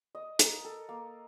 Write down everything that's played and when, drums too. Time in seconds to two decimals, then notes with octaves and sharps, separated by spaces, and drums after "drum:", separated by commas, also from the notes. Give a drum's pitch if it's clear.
0.15 D#5
0.39 A#4, drum: hi-hat
0.64 A4
0.89 A#3